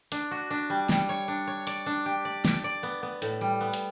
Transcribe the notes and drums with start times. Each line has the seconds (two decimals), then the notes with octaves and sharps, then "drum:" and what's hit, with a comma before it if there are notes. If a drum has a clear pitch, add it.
0.12 D4, drum: hi-hat
0.31 F#4
0.50 D4
0.70 G3
0.89 G3, drum: snare
1.09 C#5
1.28 D4
1.47 C#5
1.67 D5, drum: hi-hat
1.86 D4
2.06 G4
2.25 D5
2.45 D5, drum: snare
2.64 D5
2.83 B3
3.03 B3
3.22 A2, drum: hi-hat
3.41 G3
3.61 B3
3.74 drum: hi-hat